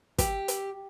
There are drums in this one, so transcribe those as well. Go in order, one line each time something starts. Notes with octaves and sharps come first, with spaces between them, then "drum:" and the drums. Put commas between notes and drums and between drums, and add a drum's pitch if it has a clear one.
G4, drum: kick, hi-hat
drum: hi-hat